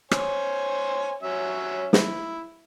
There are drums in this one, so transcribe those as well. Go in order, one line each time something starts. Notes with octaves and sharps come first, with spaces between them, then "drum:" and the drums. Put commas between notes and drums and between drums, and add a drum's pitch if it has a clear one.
C5 C#5 G#5, drum: rim click
F#3 C#4 E5
E4, drum: snare